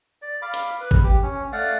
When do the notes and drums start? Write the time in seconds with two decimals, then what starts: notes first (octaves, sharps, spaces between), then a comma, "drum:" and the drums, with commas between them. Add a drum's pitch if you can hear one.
0.22 D5
0.42 F5 B5 D6
0.54 drum: hi-hat
0.81 B4
0.91 drum: kick G#1
1.04 G4
1.23 C#4
1.53 A3 D5 F5 F#5